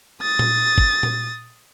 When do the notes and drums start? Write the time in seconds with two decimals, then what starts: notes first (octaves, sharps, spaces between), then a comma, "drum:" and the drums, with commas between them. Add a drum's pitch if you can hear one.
0.22 D#6 A6
0.39 drum: tom A#2
0.78 drum: kick
1.03 drum: tom A#2